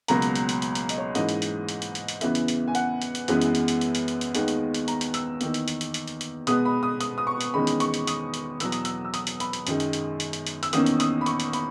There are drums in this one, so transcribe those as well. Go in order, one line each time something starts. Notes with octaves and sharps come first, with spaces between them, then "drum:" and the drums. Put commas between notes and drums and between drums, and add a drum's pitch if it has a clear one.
C#2 B2 F#3 A#3 A#5, drum: hi-hat
drum: hi-hat
drum: hi-hat
drum: hi-hat
drum: hi-hat
drum: hi-hat
D#5, drum: hi-hat
C#5
G#2 E3 A#3 C#4 D#5, drum: hi-hat
drum: hi-hat
drum: hi-hat
drum: hi-hat
drum: hi-hat
drum: hi-hat
drum: hi-hat
E2 C#3 E3 B3 E5, drum: hi-hat
drum: hi-hat
drum: hi-hat
G#5
F#5, drum: hi-hat
drum: hi-hat
drum: hi-hat
F#2 E3 G#3 B3, drum: hi-hat
drum: hi-hat
drum: hi-hat
drum: hi-hat
drum: hi-hat
drum: hi-hat
drum: hi-hat
drum: hi-hat
D#2 D#3 G#3 B3, drum: hi-hat
drum: hi-hat
drum: hi-hat
A#5, drum: hi-hat
drum: hi-hat
E6, drum: hi-hat
E2 D#3 A#3, drum: hi-hat
drum: hi-hat
drum: hi-hat
drum: hi-hat
drum: hi-hat
drum: hi-hat
drum: hi-hat
B2 G#3 B3 D#6, drum: hi-hat
B5
D#6
D#6, drum: hi-hat
D#6
C#6
drum: hi-hat
E2 D#3 G#3 C#4 B5
drum: hi-hat
C#6, drum: hi-hat
drum: hi-hat
D#6, drum: hi-hat
drum: hi-hat
E2 B2 F#3 E6, drum: hi-hat
D#6, drum: hi-hat
E6, drum: hi-hat
E6
D#6, drum: hi-hat
drum: hi-hat
B5, drum: hi-hat
drum: hi-hat
F#2 D#3 G#3, drum: hi-hat
drum: hi-hat
drum: hi-hat
drum: hi-hat
drum: hi-hat
drum: hi-hat
E6, drum: hi-hat
E2 D#3 A#3 C#4 D#6, drum: hi-hat
drum: hi-hat
D#6, drum: hi-hat
B5
C#6, drum: hi-hat
drum: hi-hat
B5, drum: hi-hat